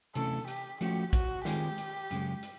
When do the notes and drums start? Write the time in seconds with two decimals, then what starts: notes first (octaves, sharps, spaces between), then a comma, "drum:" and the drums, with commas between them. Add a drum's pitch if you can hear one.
0.15 C3 E3 A3 C#4 A4, drum: hi-hat
0.48 G4, drum: hi-hat
0.81 F3 A3 C#4 F#4 G4, drum: hi-hat
1.13 F#4, drum: kick, hi-hat
1.45 D#3 G#3 C4 F4 G4 G#4, drum: snare
1.78 drum: hi-hat
2.11 F#2 C#3 G#3, drum: hi-hat
2.43 drum: hi-hat